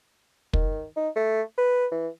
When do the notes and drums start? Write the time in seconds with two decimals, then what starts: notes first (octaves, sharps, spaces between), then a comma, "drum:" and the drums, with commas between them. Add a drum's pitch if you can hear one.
0.53 D#3, drum: kick
0.97 D#4
1.16 A3
1.58 B4
1.91 E3